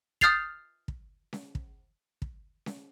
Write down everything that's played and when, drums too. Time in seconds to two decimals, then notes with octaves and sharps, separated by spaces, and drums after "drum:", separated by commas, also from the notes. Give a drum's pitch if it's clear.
0.21 D#6 F6 G6 A6 C7 F7, drum: kick
0.88 drum: kick
1.33 drum: snare C#4
1.55 drum: kick
2.22 drum: kick
2.66 drum: snare C#4